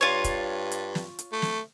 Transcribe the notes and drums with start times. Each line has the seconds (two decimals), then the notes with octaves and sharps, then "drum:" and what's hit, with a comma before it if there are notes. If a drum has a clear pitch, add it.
0.01 G2 F4 C#5
0.24 drum: kick, hi-hat
0.71 drum: hi-hat
0.95 drum: snare
1.19 drum: hi-hat
1.32 A3
1.42 drum: snare